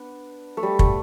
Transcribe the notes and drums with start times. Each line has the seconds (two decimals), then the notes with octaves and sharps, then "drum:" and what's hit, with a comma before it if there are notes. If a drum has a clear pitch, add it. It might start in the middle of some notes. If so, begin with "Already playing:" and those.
Already playing: B3 D4
0.57 A3
0.63 G3
0.79 A3, drum: kick